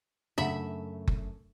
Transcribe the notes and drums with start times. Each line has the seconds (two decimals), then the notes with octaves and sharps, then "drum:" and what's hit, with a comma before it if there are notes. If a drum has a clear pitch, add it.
0.38 F#2 C#3 A3 D4 E5 F#5 B5
1.07 drum: kick F#1